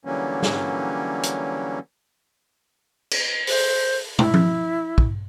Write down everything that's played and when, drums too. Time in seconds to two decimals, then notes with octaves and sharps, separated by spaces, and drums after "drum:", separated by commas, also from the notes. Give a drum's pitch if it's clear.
0.05 D3 E3 F#3 G3 A#3 C#4
0.42 drum: snare
1.23 drum: hi-hat
3.11 drum: cymbal
3.47 C5, drum: open hi-hat
4.19 E4, drum: tom
4.34 drum: tom F3
4.98 drum: kick